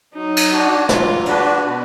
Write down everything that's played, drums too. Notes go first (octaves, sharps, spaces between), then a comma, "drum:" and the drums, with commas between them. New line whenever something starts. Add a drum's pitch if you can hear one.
F#3 D#4
drum: cymbal
D4 F#4
F#3 F4, drum: snare
D4 F#4 B4, drum: cymbal
B2